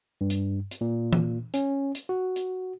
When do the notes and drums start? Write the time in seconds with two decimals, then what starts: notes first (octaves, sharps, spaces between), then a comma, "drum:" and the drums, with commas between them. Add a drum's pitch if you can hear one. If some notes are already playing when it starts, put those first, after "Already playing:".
0.21 G2
0.30 drum: hi-hat
0.71 drum: hi-hat
0.81 A#2
1.13 drum: tom E3
1.54 C#4, drum: hi-hat
1.95 drum: hi-hat
2.09 F#4
2.36 drum: hi-hat